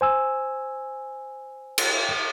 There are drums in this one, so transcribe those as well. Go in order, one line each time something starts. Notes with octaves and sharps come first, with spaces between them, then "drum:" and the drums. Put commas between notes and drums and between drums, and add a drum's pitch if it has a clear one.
C5 G#5 E6
drum: cymbal